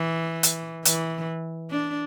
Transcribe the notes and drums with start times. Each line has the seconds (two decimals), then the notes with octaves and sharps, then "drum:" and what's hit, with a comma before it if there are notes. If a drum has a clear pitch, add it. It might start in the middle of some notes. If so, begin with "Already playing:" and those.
Already playing: E3
0.43 drum: hi-hat
0.85 E3, drum: hi-hat
1.70 D4